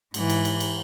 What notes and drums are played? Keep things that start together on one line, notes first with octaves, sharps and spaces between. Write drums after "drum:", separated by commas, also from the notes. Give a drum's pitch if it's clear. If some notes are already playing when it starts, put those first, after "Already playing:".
G#2 E3, drum: cymbal
drum: cymbal
drum: cymbal
drum: cymbal